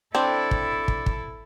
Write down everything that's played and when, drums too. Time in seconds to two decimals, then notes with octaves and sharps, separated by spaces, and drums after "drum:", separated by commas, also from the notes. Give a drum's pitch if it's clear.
0.15 C4 D4 E4 A4
0.51 drum: kick
0.88 drum: kick
1.06 drum: kick